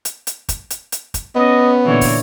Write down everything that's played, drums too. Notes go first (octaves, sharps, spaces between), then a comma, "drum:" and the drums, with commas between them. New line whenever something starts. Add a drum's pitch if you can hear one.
drum: hi-hat
drum: hi-hat
drum: kick, hi-hat
drum: hi-hat
drum: hi-hat
drum: kick, hi-hat
B3 C#4 D#5
A#2 D3 E3 C#5
drum: kick, open hi-hat